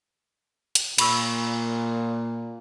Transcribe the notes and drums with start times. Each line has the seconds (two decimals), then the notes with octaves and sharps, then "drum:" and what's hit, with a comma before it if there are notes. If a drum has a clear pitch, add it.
0.75 drum: hi-hat
0.98 A#2 B5 C#6 E6, drum: cymbal